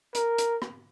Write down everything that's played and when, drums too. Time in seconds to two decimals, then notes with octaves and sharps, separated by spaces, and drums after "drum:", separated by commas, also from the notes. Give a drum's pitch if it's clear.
0.15 A#4, drum: hi-hat
0.38 drum: hi-hat
0.62 drum: rim click